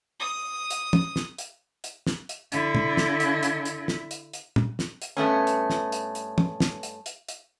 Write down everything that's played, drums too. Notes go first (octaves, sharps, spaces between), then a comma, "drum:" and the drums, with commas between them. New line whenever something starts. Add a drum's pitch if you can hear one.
D#6
drum: hi-hat
drum: tom
drum: snare
drum: hi-hat
drum: hi-hat
drum: snare
drum: hi-hat
D3 E4, drum: hi-hat
drum: tom
drum: snare
drum: hi-hat
drum: hi-hat
drum: hi-hat
drum: snare
drum: hi-hat
drum: hi-hat
drum: tom A#2
drum: snare
drum: hi-hat
G2 A3 B3 C#4
drum: hi-hat
drum: snare
drum: hi-hat
drum: hi-hat
drum: tom
drum: snare
drum: hi-hat
drum: hi-hat
drum: hi-hat